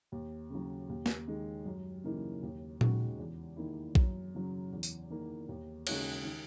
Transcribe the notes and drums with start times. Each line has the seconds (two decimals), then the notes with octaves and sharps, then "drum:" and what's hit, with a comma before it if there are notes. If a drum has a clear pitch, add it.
0.12 D#2
0.50 C#3 F#3
0.89 D#2
1.06 drum: snare
1.28 D#3 G#3
1.65 F#2
2.04 C#3 E3 A#3 D#4
2.43 D#2
2.81 C#3 G#3 D#4 F#4, drum: tom A#2
3.19 E2
3.56 D#3 A#3 E4
3.95 F#2, drum: kick A#1
4.34 C#3 F#3
4.72 E2
4.83 drum: tambourine
5.10 D#3 A#3
5.49 D#2
5.87 C#3 G#3 D#4 F#4, drum: cymbal
6.25 D#3